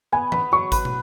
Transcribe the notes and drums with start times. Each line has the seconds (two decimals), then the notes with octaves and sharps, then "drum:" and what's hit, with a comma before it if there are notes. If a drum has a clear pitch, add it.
0.12 B3 G#5
0.32 B3 B5, drum: tom E3
0.52 F#3 C#6
0.72 B4, drum: kick G#1, hi-hat
0.85 drum: tom